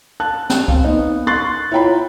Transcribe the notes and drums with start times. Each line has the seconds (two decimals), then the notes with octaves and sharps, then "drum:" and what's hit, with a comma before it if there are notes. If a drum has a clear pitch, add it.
0.20 A5 F#6
0.50 drum: snare
0.68 C4 F5, drum: kick C2
0.84 B3 D#4
1.27 C6 C#6 F#6 A6 C7
1.71 E4 F4 C#5 G5 A#5 B5